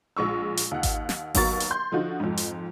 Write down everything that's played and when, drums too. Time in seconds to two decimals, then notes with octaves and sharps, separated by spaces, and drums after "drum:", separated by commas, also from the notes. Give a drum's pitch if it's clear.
0.17 A#1 G#3 C#6 E6
0.57 drum: hi-hat
0.71 D#2 F#5
0.83 drum: kick G#1, hi-hat
1.09 drum: snare
1.35 D#2 F#3 B3 A#4 C#6 A6, drum: kick G#1, open hi-hat
1.60 drum: hi-hat
1.71 C6 G6
1.92 D3 F3 D#4 F4 F#4
2.20 F2 G#2
2.37 drum: hi-hat